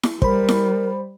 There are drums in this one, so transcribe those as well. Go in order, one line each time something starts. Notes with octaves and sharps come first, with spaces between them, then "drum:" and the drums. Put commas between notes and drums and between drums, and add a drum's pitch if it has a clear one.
drum: snare E4
G3 A#4 C5 B5, drum: kick
drum: snare E4